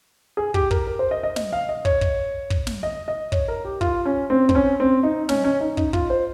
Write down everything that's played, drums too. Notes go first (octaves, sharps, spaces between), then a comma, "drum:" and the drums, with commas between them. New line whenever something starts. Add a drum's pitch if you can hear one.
G#4
G4, drum: kick
A#4, drum: kick
A#4
C5
D#5
D#5
D#5, drum: snare
F5
D#5
C#5, drum: kick
drum: kick
drum: kick
drum: snare
D#5
D#5
C#5, drum: kick
A#4
G4
F4, drum: kick
C#4
C4
C4, drum: kick
C#4
C4
D#4
C#4, drum: snare
C#4
D#4
D#4, drum: kick
F4, drum: kick
C5